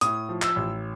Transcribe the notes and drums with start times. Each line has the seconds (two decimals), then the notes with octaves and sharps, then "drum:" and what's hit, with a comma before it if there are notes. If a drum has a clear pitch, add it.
0.01 A2 D#6, drum: hi-hat
0.29 F3
0.42 E6, drum: clap
0.56 A1